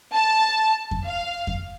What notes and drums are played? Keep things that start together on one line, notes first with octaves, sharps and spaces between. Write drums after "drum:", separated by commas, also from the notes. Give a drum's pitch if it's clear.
A5
drum: kick F2
F5
drum: kick F2